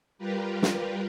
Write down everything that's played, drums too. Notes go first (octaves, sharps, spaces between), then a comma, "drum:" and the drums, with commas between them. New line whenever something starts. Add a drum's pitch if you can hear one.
G3 F4 G4 A#4 B4
drum: snare